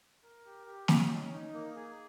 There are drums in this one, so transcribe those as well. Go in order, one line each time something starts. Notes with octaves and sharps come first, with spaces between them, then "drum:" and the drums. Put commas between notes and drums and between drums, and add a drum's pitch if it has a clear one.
A#4
G4
G4
C#4, drum: snare
D#4
D#4
A#3
G#4